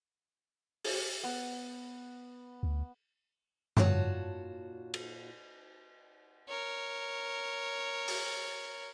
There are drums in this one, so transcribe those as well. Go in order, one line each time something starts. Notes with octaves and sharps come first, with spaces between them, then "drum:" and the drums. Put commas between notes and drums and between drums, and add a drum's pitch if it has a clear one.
drum: open hi-hat
B3
D2
D#2 A#2 F4 F#4 C#5 A5, drum: tom F#2
drum: cymbal
A#4 C#5
drum: open hi-hat